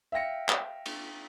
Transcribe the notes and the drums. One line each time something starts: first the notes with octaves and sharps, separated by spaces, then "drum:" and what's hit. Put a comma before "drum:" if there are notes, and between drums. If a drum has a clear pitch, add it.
E5 F5 G5 A#6 C#7
drum: clap
drum: cymbal